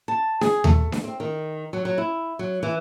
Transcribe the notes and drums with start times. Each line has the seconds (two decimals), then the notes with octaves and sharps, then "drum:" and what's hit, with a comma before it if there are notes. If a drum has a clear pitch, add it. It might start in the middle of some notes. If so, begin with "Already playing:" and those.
0.08 A5
0.41 G#4, drum: snare D4
0.64 A3, drum: tom D#2
0.92 drum: snare D4
1.04 C4
1.20 D#3
1.73 F#3
1.85 F#3
1.98 E4
2.39 F#3
2.63 E3